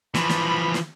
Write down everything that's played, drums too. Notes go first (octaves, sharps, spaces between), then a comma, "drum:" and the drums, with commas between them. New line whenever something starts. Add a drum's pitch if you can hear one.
E3 F3 B5, drum: snare
drum: snare
drum: snare